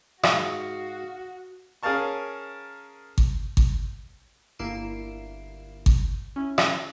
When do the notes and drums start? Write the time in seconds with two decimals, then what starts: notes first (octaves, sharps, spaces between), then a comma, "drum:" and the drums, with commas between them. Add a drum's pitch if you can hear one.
0.23 G#2 F#4 F5 C#6 D#6, drum: rim click
1.83 C#4 G#4 A#4 F5 A5 C#6
3.18 drum: kick G#1
3.57 drum: kick G#1
4.59 G1 A#3 E4 C7 D7 E7
5.86 drum: kick G#1
6.36 C#4 E4
6.58 drum: rim click